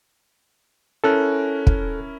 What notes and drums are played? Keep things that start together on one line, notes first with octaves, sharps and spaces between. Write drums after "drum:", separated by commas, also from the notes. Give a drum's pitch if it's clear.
C#4 E4 A4 A#4 F#6
drum: kick